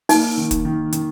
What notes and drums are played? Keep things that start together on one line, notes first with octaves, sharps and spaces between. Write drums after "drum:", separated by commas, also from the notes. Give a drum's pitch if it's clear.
A#3 D#4, drum: open hi-hat
D#3
drum: kick, hi-hat
D#3
D#3, drum: hi-hat